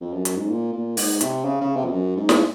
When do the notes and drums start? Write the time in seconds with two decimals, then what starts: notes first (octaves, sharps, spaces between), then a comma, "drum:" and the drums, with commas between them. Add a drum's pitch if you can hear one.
0.01 F2
0.13 F#2
0.25 F#2, drum: hi-hat
0.36 G#2
0.49 A#2
0.72 A#2
0.97 G#2, drum: open hi-hat
1.21 C3, drum: hi-hat
1.44 C#3
1.61 C#3
1.76 C3
1.85 F2
1.92 F#2
2.17 G#2
2.29 drum: snare